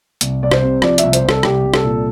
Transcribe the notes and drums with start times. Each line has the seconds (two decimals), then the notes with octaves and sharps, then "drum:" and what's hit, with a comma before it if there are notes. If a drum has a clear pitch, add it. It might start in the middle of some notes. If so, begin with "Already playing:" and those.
0.21 C2, drum: hi-hat
0.43 C2 D5
0.51 C5, drum: rim click
0.62 C3
0.82 F3 D5, drum: rim click
0.98 C2 E5, drum: hi-hat
1.13 C5, drum: hi-hat
1.23 C2
1.29 A4, drum: rim click
1.43 C2 G4, drum: rim click
1.65 C2
1.74 A4, drum: rim click
1.84 A#2